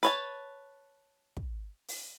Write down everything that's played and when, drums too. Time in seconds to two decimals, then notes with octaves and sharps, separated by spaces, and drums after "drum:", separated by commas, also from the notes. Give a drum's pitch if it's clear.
0.03 B4 C#5 A5, drum: hi-hat
1.37 drum: kick
1.88 drum: open hi-hat